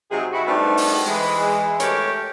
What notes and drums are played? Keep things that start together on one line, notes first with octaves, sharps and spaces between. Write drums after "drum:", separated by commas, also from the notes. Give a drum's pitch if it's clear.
C3 F#3 G#3 D#4 G#4
E4 F#4
G3 A3 B3 C4 D4 D#4
drum: open hi-hat
E3 G#3
A3 G4 A#4 C#5, drum: hi-hat